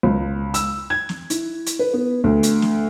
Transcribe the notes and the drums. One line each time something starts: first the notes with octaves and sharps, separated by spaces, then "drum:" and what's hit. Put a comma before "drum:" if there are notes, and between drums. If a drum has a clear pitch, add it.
C#2
E6, drum: hi-hat
G#6
drum: snare
E4, drum: hi-hat
drum: hi-hat
B4
B3
D2
drum: hi-hat
drum: snare